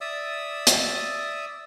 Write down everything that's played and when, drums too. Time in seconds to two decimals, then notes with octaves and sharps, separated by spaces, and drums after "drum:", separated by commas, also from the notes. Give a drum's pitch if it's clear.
0.01 D5 E5 D#6 E6
0.67 drum: hi-hat